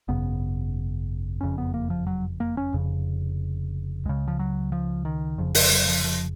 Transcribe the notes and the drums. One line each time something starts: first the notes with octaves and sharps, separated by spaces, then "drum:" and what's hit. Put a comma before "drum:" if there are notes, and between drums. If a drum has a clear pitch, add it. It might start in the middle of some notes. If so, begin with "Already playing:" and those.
G#1 F#2 C#3 B3
F#1 F2 C#3 C#4
B3
A#3
F3
F#3
A#3
C#4
F1 F2 C#3
C#2 C#3 G#3
F3
F#3
F3
D#3
F1 F2 C#3 F3
F3, drum: open hi-hat
F#3
F3
F3